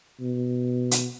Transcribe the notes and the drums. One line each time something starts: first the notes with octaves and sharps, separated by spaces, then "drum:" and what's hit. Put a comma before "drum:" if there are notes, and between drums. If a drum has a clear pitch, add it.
B2
drum: hi-hat